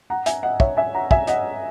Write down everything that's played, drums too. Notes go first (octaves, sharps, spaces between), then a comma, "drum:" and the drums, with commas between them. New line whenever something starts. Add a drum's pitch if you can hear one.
F#5 A#5
E5 G#5, drum: hi-hat
D#5 F#5
C#5 E5, drum: kick
E5 G#5
F#5 A#5
E5 G#5, drum: kick
D#5 F#5, drum: hi-hat